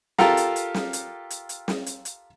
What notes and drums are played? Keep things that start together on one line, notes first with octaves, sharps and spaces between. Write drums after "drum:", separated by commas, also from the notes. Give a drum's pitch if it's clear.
F4 G4 A4 A#4 F5 A#5, drum: snare
drum: hi-hat
drum: hi-hat
drum: snare
drum: hi-hat
drum: hi-hat
drum: hi-hat
drum: snare
drum: hi-hat
drum: hi-hat